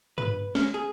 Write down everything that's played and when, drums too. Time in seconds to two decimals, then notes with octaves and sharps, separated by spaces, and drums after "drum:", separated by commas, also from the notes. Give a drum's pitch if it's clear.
0.18 B4, drum: tom
0.55 C#4, drum: snare C#4
0.74 G#4